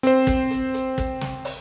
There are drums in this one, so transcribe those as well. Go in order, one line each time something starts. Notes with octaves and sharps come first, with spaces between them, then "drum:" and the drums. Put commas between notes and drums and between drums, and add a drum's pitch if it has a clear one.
C4 C5, drum: hi-hat
drum: kick, hi-hat
drum: hi-hat
drum: hi-hat
drum: kick, hi-hat
drum: snare
drum: open hi-hat